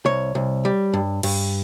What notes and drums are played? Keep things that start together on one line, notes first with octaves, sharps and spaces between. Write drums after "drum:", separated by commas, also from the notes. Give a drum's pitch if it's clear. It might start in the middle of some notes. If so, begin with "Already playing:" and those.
C2 C#5
C2
G3
G2
G2, drum: cymbal